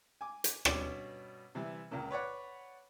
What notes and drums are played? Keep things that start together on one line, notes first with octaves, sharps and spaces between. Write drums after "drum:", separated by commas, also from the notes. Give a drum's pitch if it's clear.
G#5 D6
drum: hi-hat
G2 B2 C#4 D5, drum: rim click
C3 E3 G3
C#2 A#2 C#3 A#3
B4 C#5 D5 F#5